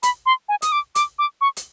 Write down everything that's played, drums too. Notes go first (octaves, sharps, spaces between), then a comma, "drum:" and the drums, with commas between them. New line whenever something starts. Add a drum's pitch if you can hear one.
B5, drum: hi-hat
C6
G#5
D#6, drum: hi-hat
D6
D6, drum: hi-hat
D6
C#6
drum: hi-hat